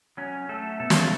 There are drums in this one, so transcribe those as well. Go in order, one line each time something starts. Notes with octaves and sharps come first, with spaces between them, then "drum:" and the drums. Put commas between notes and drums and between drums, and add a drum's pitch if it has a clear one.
F#3 C#4
A3 A4
B2 A4
drum: snare